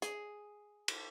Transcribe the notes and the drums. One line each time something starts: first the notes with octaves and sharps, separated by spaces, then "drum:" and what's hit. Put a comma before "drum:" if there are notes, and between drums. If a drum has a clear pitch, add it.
G#4, drum: hi-hat
drum: cymbal